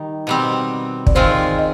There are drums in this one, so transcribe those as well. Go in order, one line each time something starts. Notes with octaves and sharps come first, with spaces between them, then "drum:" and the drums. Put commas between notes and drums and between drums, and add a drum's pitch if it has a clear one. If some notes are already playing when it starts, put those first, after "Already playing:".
Already playing: D#3 G3 D#4
B2 G3 C4
D5, drum: kick
D#3 G#3 C4 F4 C5
D#5